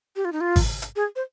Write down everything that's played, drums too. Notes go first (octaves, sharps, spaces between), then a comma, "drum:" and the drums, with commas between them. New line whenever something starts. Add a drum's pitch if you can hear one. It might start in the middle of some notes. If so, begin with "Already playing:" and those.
G4
F4
D#4
F4
drum: kick G#1, open hi-hat
drum: hi-hat
G#4
C5